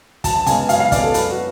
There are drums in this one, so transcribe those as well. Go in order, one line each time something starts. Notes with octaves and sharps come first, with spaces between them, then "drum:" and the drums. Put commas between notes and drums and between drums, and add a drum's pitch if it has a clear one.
F#2 A5, drum: kick, hi-hat
A5
C#3 G#3 B3 G#5, drum: hi-hat
F#2 F5, drum: hi-hat
F5
C#3 G#3 B3 D5, drum: kick, hi-hat
A4
F#2 B4, drum: hi-hat
F#4